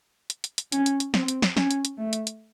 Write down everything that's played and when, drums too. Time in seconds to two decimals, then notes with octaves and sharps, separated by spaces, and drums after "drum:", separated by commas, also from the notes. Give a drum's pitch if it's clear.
0.30 drum: hi-hat
0.44 drum: hi-hat
0.58 drum: hi-hat
0.72 C#4, drum: hi-hat
0.86 drum: hi-hat
1.00 drum: hi-hat
1.14 C4, drum: snare
1.28 drum: hi-hat
1.42 drum: snare
1.57 C#4, drum: snare
1.71 drum: hi-hat
1.85 drum: hi-hat
1.99 A3
2.13 drum: hi-hat
2.27 drum: hi-hat